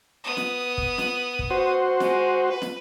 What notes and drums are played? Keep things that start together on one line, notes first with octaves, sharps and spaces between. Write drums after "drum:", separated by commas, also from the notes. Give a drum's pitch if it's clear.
B3 D#6
drum: snare
drum: kick
drum: snare
drum: kick
F#4 C5
G#3, drum: snare
B4
drum: snare